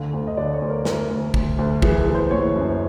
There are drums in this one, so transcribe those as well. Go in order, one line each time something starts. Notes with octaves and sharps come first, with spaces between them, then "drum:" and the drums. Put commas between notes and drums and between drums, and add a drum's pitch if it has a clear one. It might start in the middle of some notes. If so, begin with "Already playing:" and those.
Already playing: D2 D3 F5
D2
D#5
D3 D5
C#5
D2
A#4
D2 A#4, drum: snare
D2
D2, drum: kick
D2
E3 G#4, drum: kick
G#4
E3
C5
F#1 C#5
F#2